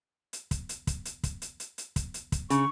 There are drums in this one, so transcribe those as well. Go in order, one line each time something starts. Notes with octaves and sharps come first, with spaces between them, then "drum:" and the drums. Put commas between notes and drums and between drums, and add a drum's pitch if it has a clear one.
drum: hi-hat
drum: kick, hi-hat
drum: hi-hat
drum: kick, hi-hat
drum: hi-hat
drum: kick, hi-hat
drum: hi-hat
drum: hi-hat
drum: hi-hat
drum: kick, hi-hat
drum: hi-hat
drum: kick, hi-hat
C#3 C#6, drum: hi-hat